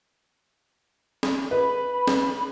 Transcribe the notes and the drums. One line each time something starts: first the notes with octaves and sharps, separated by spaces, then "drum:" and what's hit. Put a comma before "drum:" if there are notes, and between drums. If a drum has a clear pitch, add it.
drum: snare
B4 B5
drum: snare